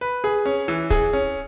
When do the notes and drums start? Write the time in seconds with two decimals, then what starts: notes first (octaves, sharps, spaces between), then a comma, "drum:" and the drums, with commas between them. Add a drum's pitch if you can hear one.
0.01 B4
0.24 G#4
0.46 C#4
0.68 E3
0.90 G#4, drum: kick, hi-hat
1.13 C#4